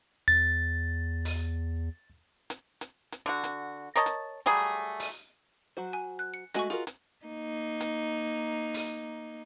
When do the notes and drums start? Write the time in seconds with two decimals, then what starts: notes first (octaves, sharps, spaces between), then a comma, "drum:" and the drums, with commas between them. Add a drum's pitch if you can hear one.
0.28 E2 A6
1.25 drum: open hi-hat
2.50 drum: hi-hat
2.81 drum: hi-hat
3.12 drum: hi-hat
3.26 D3 F#4
3.44 drum: hi-hat
3.96 A#4 C#5 D#5 A5
4.06 drum: hi-hat
4.46 F#3 G3 A3 G#4
5.00 drum: open hi-hat
5.77 F#3 F#4 C5
5.93 G#5
6.19 F#6
6.34 C#7
6.54 G#3 A3 F#4 D#5 G#5 C#6, drum: hi-hat
6.70 F4 F#4 G#4 A#4
6.87 drum: hi-hat
7.25 A#3 D#4
7.81 drum: hi-hat
8.74 drum: open hi-hat